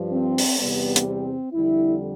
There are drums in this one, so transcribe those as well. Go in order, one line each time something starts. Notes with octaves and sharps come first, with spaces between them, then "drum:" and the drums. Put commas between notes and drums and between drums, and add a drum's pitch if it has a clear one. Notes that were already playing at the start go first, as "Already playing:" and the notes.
Already playing: G2 F3
C4
drum: open hi-hat
E2 C3 G3 B3
drum: hi-hat
C4
F2 D3 G3 E4